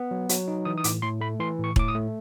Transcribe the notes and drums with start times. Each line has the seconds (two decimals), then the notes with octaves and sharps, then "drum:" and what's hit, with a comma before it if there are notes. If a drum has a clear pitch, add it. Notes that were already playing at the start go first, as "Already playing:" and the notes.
Already playing: B3
0.11 F#3
0.29 F#3, drum: hi-hat
0.48 D#4
0.65 E3 D#6
0.78 D#6
0.84 A2 D6, drum: hi-hat
1.02 A2 C6
1.21 A3 B5
1.39 E3 C6
1.59 A2
1.64 C#6
1.76 A2 D6, drum: kick E1
1.88 D#6
1.95 A3